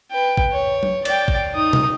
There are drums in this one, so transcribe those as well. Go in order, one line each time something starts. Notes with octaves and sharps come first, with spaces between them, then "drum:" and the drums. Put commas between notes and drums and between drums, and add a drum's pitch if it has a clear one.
B4 G5
drum: kick A1
C#5
drum: tom F#3
D5 G5, drum: cymbal
drum: kick A1
D#4 D#6
drum: tom B2